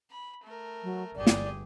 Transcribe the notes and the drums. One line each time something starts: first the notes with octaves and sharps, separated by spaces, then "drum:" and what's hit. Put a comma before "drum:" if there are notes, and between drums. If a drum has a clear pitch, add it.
B5
A3 A#4
F#3
G1 G4 G#4 D5
drum: snare